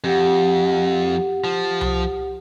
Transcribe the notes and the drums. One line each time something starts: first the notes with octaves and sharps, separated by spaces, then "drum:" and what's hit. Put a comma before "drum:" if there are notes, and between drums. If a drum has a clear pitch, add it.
F2 G4 F#5
F3
drum: tom C2